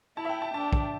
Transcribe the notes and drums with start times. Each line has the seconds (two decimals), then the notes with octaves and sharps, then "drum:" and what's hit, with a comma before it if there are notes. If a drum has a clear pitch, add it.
0.17 E4 A5
0.25 E5
0.29 G5
0.42 A5
0.54 D4 A5
0.73 drum: kick